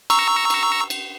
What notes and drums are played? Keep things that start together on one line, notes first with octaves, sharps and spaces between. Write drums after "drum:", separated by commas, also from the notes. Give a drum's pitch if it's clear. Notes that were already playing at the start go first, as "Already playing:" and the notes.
A#5 C#6 E6, drum: cymbal
drum: cymbal
drum: cymbal